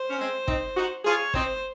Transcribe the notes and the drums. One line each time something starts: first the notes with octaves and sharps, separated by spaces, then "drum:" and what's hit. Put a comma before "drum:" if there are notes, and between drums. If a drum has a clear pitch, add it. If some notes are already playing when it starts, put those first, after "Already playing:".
Already playing: C5
C#4
G#3 C4
C4 D#4, drum: kick
D#4 F#4
F4 G#4 C#5
C4 D#4 C5, drum: kick